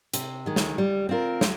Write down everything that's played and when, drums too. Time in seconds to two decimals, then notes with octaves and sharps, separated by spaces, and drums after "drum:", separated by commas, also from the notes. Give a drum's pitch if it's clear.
0.14 C3, drum: hi-hat
0.46 D#3 G#3
0.56 drum: snare
0.78 G3
1.09 C4 F4 A#4
1.41 F#3, drum: snare